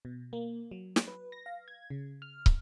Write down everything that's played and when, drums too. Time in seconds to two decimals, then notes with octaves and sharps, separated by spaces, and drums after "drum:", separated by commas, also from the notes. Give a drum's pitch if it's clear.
0.05 B2
0.33 A#3
0.71 F#3
0.96 drum: snare
1.08 B4
1.32 A#6
1.46 F5
1.68 G#6
1.90 C#3
2.22 F6
2.46 drum: kick